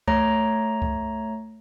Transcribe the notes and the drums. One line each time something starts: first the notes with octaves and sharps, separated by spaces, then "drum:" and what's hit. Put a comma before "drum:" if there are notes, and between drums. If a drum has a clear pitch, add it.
A3 C#5 A#5, drum: kick C#2
drum: kick C#2